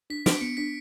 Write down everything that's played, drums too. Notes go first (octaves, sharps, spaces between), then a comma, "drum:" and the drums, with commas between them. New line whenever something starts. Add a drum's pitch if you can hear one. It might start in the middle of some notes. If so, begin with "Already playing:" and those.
D4 B6
D4 D7, drum: snare
B3 C#7
D4 B6